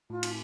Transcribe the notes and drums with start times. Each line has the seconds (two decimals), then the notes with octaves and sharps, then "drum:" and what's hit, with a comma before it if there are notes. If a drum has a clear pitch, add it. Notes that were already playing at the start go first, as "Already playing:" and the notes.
0.10 A2 F4
0.23 drum: cymbal